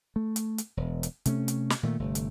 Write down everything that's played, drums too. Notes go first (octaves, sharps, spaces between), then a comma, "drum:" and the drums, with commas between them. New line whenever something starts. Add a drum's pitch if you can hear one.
A3
drum: hi-hat
drum: hi-hat
E1
drum: hi-hat
C3 A3 C#4, drum: hi-hat
drum: hi-hat
drum: snare
A#2 D#3 A3
G1 C3 A3
drum: hi-hat